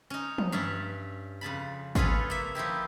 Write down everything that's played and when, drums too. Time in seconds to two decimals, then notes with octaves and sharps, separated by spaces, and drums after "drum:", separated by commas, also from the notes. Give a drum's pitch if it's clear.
0.10 C#4 D#4
0.38 drum: tom
0.52 G2 C#4 E5 A5
1.41 F2 C#3 A5 B5
1.95 C#4 F4 G#4 A4 B4 C#5, drum: kick G#1
2.30 A#3 E5
2.55 F3 D#4 E4 G4